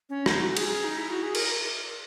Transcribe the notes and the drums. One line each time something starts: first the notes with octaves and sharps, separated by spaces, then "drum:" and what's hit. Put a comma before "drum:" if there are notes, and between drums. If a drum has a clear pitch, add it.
C#4
D#4, drum: rim click
F#4
F#4
G#4, drum: cymbal
D#4
E4
F#4
G#4
A#4, drum: cymbal